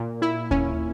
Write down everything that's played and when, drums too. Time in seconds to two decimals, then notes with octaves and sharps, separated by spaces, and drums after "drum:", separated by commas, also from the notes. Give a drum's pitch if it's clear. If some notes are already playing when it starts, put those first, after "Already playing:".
Already playing: A#2 A#3
0.22 E4
0.51 C#4, drum: kick D#2